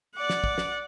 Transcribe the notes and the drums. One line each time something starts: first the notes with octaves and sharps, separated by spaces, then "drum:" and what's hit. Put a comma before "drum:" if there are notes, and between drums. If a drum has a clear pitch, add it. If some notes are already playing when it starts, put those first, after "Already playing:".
D5 F#5
drum: snare
drum: kick
drum: snare